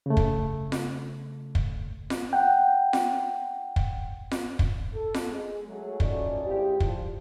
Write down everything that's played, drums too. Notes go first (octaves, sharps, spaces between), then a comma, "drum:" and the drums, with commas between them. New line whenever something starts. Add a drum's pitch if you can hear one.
C#3 A3
drum: kick
drum: snare F4
drum: kick
drum: snare F4
F#5 G5
drum: snare F4
drum: kick
drum: snare F4
drum: kick
A4
drum: snare F4
G#3
F#3 A3 G#4
F3 A3 C#4 D#4 F#4 D5, drum: kick
G3 G#3 C4 E4 F4 G4
F3, drum: kick